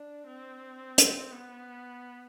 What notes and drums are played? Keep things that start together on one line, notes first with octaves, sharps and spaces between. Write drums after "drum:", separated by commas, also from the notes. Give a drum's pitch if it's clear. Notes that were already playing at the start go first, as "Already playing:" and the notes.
Already playing: D4
C4
drum: hi-hat
B3